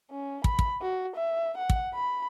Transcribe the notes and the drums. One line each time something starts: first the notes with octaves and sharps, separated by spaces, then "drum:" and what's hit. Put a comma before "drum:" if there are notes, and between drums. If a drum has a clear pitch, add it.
C#4
B5, drum: kick
drum: kick
F#4
E5
F#5
drum: kick
B5